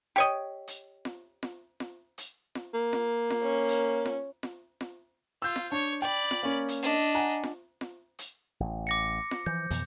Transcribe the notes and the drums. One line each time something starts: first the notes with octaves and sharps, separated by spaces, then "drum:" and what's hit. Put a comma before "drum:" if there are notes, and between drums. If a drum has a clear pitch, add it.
G4 C#5 D#5
drum: hi-hat
drum: snare F4
drum: snare F4
drum: snare F4
drum: hi-hat
drum: snare F4
A#3
drum: snare F4
drum: snare F4
C#4
drum: hi-hat
drum: snare F4
drum: snare F4
drum: snare F4
F4 E6 G6
drum: snare F4
D4 C#5
D5 G5 B5
drum: snare F4
A#3 C#4
drum: hi-hat
D4 D#5
F#5 G#5 A#5
drum: snare F4
drum: snare F4
drum: hi-hat
A1
D6 A#6 C#7
drum: snare F4
E3 F3 G6
F2 B2 E3, drum: hi-hat